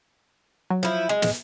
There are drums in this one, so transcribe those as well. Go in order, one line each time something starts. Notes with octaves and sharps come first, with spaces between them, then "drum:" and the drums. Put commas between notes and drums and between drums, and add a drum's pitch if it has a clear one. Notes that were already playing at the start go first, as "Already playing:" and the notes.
F#3
F3 E4
G#3
drum: snare